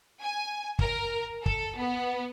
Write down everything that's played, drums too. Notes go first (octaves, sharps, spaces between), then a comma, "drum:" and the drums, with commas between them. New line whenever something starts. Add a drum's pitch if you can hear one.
G#5
A#4, drum: kick
A4, drum: kick
B3